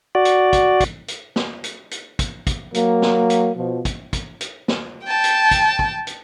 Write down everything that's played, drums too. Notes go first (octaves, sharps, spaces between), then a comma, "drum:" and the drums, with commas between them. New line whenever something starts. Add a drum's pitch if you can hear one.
F#4 D5
drum: hi-hat
drum: kick, hi-hat
drum: kick, hi-hat
drum: hi-hat
drum: snare
drum: hi-hat
drum: hi-hat
drum: kick, hi-hat
drum: kick, hi-hat
F#3 A#3, drum: hi-hat
drum: snare
drum: hi-hat
B2 F3
drum: kick, hi-hat
drum: kick, hi-hat
drum: hi-hat
drum: snare
G5 A5
drum: hi-hat
drum: kick, hi-hat
drum: kick
drum: hi-hat